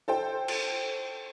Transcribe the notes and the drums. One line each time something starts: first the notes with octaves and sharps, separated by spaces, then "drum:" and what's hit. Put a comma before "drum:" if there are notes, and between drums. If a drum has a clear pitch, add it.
A4 C5 G5
drum: cymbal